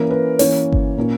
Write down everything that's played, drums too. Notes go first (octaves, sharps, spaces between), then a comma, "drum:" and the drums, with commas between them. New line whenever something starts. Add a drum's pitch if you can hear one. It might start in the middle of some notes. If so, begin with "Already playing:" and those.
Already playing: E3 A#3 C#4 A#4
B4
E3 A#3 C#4 C#5, drum: open hi-hat
drum: kick G1
A#2 A#3 C#4